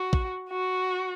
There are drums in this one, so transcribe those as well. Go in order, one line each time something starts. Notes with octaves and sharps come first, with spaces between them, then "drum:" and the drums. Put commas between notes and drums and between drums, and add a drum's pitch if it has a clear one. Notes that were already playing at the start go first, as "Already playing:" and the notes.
Already playing: F#4
drum: kick
F#4